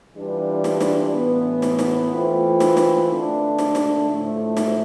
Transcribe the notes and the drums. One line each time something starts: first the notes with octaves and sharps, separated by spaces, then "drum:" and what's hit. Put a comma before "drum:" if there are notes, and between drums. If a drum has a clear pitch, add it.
E3 G3 D4 F4 B4
drum: snare
drum: snare
A2 E3 B3
drum: snare
drum: snare
E3 A3 C4 F4 B4
drum: snare
drum: snare
D3 A3 D4
drum: snare
drum: snare
A2 F3 A3
drum: snare